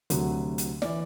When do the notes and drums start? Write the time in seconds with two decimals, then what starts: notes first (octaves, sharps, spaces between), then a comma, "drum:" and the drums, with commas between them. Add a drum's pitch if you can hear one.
0.10 D2 C3 F#3, drum: hi-hat
0.58 drum: hi-hat
0.82 E3 D5, drum: snare